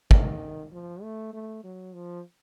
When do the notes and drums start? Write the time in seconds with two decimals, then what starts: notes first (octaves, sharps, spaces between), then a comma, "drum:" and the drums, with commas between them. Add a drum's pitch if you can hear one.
0.11 D#3, drum: kick
0.72 F3
1.02 A3
1.33 A3
1.64 F#3
1.95 F3